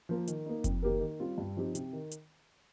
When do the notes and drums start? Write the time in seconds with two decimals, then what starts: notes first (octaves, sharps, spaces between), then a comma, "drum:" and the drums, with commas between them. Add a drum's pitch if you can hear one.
0.09 F3 A#3 F4 A#4
0.27 D#3, drum: hi-hat
0.46 A#3 D#4
0.64 F2, drum: kick F#1, hi-hat
0.82 D#3 A#3 G4 A#4
1.01 D#3
1.20 G3 C4 F4
1.38 G2
1.57 F3 C4 D#4 G4
1.75 C3, drum: hi-hat
1.93 D#3
2.11 drum: hi-hat